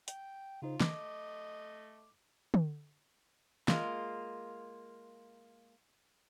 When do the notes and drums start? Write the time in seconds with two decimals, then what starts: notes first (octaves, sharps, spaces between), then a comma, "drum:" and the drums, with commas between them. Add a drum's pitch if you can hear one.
0.08 G5, drum: hi-hat
0.62 C#3 D#4 F4 C5
0.80 A3 D#5 D6, drum: snare
2.54 drum: tom
3.68 G#3 A#3 F4, drum: snare